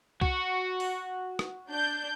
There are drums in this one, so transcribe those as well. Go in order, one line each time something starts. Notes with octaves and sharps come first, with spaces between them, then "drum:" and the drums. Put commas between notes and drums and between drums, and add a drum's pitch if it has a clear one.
F#4, drum: kick C2
drum: open hi-hat
drum: rim click
D4 G6